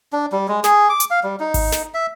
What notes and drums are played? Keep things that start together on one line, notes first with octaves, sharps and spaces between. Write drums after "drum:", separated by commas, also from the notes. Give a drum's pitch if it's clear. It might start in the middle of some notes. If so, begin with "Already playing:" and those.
D4
G3
G#3
G#4, drum: snare
D6
drum: hi-hat
F5
G3
D#4
drum: kick G#1, open hi-hat
drum: snare
E5